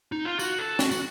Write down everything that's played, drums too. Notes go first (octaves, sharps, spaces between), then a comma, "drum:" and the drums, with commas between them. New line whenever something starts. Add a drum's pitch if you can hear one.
D#4
F4
F#4, drum: tambourine
A4
F#4, drum: snare
F#4, drum: tambourine